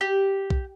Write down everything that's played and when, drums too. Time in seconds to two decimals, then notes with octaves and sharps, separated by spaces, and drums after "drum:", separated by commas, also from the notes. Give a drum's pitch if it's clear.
0.01 G4
0.50 drum: kick